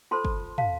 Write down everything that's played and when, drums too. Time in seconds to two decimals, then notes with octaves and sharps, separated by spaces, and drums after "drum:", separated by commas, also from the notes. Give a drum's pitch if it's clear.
0.11 F4 A4 C5 A5 C6
0.25 drum: kick
0.58 F5 A5, drum: tom